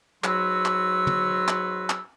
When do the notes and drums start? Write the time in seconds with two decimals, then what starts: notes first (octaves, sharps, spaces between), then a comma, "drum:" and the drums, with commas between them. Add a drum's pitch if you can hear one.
0.24 G#2 F#3 F#4 B4 C6 E6, drum: clap
0.65 drum: clap
1.07 drum: tom
1.48 drum: clap
1.90 drum: clap